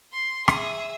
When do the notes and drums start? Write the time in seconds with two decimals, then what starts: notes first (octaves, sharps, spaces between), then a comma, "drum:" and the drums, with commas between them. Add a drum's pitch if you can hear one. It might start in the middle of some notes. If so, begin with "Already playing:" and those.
0.13 C6
0.48 G#4 E5, drum: rim click